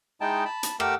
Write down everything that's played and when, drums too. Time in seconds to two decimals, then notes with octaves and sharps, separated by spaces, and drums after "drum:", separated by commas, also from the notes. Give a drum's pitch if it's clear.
0.21 G#3 D#4 E4 G5 A5
0.45 A5 B5
0.63 drum: hi-hat
0.80 A3 G4 A#4 F#5 D6 E6, drum: rim click